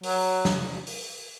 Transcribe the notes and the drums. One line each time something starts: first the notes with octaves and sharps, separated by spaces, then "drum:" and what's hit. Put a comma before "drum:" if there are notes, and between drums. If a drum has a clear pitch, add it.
F#3, drum: open hi-hat
drum: snare
drum: open hi-hat